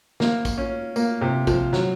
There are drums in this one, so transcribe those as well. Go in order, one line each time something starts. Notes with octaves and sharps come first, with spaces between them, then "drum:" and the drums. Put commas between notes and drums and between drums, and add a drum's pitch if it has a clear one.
A#3, drum: snare
drum: kick, tambourine
C#4
A#3, drum: tambourine
C3
F3, drum: kick, tambourine
F#3, drum: snare